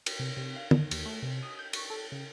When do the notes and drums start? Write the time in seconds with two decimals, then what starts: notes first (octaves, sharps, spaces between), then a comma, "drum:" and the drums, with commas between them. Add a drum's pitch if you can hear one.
0.06 drum: cymbal
0.19 C3
0.37 C3
0.56 F5
0.71 D#3, drum: tom
0.91 D#2, drum: cymbal
1.06 A3
1.22 C3
1.43 D#6
1.59 G6
1.73 C#6, drum: cymbal
1.90 A4
2.12 C#3